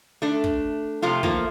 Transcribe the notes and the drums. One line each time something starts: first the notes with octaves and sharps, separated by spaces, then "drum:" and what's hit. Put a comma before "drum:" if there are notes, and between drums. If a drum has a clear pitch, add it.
A3 D4
drum: kick
C3 F3 A3 F4
F3 A3 A#3, drum: kick